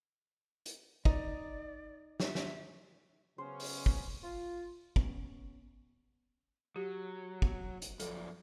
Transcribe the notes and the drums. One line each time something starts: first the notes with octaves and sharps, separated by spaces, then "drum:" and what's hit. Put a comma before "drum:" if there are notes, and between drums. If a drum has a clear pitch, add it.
drum: hi-hat
D#4 D5, drum: kick
E5, drum: snare
drum: snare
C#3 F#3 B3 C#4 C5
drum: open hi-hat
drum: kick
F4
B3 C#4, drum: kick
F#3 G4
drum: kick
drum: hi-hat
F#2 F3 A4 D5, drum: hi-hat